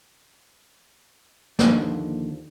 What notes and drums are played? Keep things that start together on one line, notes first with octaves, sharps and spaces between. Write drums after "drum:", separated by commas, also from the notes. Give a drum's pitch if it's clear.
D#2 D3 D#3 F3 C5 D5, drum: snare